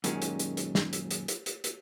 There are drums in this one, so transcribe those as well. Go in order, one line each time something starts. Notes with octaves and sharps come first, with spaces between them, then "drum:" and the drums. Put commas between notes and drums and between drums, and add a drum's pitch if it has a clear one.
F#2 A#2 D#3 G#3 C#4, drum: hi-hat
drum: hi-hat
drum: hi-hat
drum: hi-hat
drum: snare
drum: hi-hat
drum: hi-hat
drum: hi-hat
drum: hi-hat
drum: hi-hat